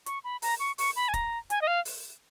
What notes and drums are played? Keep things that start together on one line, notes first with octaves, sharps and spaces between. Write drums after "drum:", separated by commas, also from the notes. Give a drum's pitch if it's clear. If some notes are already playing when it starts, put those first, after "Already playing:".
C#6, drum: hi-hat
B5
A#5, drum: open hi-hat
C#6
C#6, drum: open hi-hat
B5
G#5
A#5, drum: kick, hi-hat
G#5, drum: hi-hat
D#5
F5
drum: open hi-hat